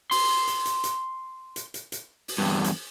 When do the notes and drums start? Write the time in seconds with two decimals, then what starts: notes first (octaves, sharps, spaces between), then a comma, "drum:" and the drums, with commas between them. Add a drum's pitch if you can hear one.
0.11 C6, drum: open hi-hat
0.47 drum: hi-hat
0.66 drum: hi-hat
0.84 drum: hi-hat
1.56 drum: hi-hat
1.74 drum: hi-hat
1.92 drum: hi-hat
2.28 drum: open hi-hat
2.38 E2 G2
2.64 drum: hi-hat